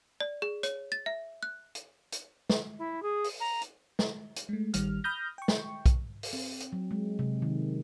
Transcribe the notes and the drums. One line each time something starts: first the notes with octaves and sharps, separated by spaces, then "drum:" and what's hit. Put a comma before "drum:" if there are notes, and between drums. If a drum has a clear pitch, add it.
D5
G#4
C#5, drum: hi-hat
A6
E5
F#6
drum: hi-hat
drum: hi-hat
drum: snare
E4
G#4
drum: open hi-hat
A#5
drum: hi-hat
drum: snare
drum: hi-hat
G#3 A3
A1 D#3 G3 F6, drum: hi-hat
B5 D#6 F6 G6 A#6
G5 C#6
drum: snare
drum: kick B1, hi-hat
drum: open hi-hat
C4
drum: hi-hat
F#3
G#3
C3
D#3